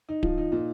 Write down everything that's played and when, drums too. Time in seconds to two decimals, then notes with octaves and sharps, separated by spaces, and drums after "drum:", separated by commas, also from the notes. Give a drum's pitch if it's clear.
0.09 D#4
0.23 F3, drum: kick D1
0.38 D#4
0.52 A#2